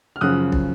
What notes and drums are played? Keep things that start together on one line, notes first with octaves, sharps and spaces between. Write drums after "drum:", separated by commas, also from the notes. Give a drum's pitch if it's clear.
F6
F#2 C#3 F3 D#6 F#6
drum: kick